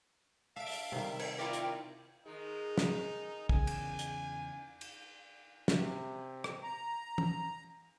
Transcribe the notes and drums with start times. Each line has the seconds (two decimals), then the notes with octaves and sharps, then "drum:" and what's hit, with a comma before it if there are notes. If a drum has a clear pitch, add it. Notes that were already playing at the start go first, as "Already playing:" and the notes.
0.56 D4 E5 F5 D7
0.66 drum: open hi-hat
0.92 C3 D#3 G3
1.19 drum: cymbal
1.39 E4 F4 A#4 D5 G5
1.53 drum: hi-hat
2.26 D#3 G#3 D#4
2.78 drum: snare
3.49 E2 C#3 G#5, drum: kick
3.67 drum: cymbal
3.99 drum: hi-hat
4.81 drum: cymbal
5.68 C3, drum: snare
6.44 drum: rim click
6.63 A#5
7.18 drum: tom